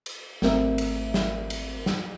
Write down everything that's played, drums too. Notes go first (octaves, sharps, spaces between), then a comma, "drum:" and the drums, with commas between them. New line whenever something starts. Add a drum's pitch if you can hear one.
drum: cymbal
G#1 A3 C4 A#4 E5, drum: snare
drum: cymbal
drum: snare
drum: cymbal
drum: snare